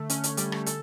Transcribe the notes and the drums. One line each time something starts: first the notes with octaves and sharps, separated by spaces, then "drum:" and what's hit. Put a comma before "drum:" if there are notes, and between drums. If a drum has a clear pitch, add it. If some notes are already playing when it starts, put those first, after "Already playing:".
Already playing: D3 A3
C#4, drum: hi-hat
drum: hi-hat
G3, drum: hi-hat
drum: rim click
A4, drum: hi-hat